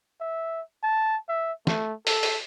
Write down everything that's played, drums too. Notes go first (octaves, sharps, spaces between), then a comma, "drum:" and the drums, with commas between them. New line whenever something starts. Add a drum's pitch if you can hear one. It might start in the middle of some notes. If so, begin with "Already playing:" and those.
E5
A5
E5
A3, drum: snare
A4, drum: open hi-hat
drum: open hi-hat